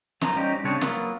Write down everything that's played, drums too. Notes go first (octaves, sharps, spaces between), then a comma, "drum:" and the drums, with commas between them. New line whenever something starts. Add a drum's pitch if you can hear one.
E2 F3 A#5, drum: snare
G3 C#4 D#4 G4 C5 D#5
C#3 C4 D4 C#5
F#3 A#3 B3 F4, drum: snare